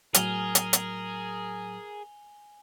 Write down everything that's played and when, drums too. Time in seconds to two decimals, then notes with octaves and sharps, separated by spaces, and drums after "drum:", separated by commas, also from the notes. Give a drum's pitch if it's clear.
0.14 A2 F#3 G#4 A#4 G#5 F6 F7 G7, drum: hi-hat
0.55 drum: hi-hat
0.73 drum: hi-hat